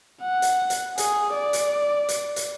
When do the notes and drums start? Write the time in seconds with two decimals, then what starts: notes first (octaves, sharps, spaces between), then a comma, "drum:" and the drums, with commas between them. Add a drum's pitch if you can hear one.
0.22 F#5
0.42 drum: hi-hat
0.70 drum: hi-hat
0.98 G#4, drum: hi-hat
1.34 D5
1.53 drum: hi-hat
2.09 drum: hi-hat
2.36 drum: hi-hat